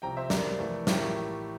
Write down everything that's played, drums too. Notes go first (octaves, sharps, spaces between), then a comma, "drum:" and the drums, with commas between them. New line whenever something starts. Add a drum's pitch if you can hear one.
C2 C3 F3 G5 A#5
C5 E5
C2 C3 G3 A#4 D5, drum: snare
F2 E3 A3
A1 A2 F3 A3 G4 A#4, drum: snare